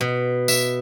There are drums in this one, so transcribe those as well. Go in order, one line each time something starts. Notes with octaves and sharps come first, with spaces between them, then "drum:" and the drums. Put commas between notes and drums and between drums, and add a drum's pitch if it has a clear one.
B2
E5, drum: tambourine